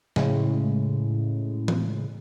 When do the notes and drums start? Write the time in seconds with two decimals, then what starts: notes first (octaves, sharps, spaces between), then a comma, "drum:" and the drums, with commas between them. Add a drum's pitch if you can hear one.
0.16 A2 C#3 G#3, drum: snare
1.68 drum: tom E3